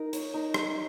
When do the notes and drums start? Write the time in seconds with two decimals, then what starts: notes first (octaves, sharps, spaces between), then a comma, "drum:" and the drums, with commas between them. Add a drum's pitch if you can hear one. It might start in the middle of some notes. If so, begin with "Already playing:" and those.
Already playing: D#4 A#4
0.13 C#5, drum: hi-hat
0.34 D#4
0.54 D#4, drum: rim click